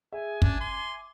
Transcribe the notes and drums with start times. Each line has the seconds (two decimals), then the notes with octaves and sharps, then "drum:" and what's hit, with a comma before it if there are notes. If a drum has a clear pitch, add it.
0.13 G#4 E5 G#5
0.42 C#4 D4, drum: kick
0.61 C6 D6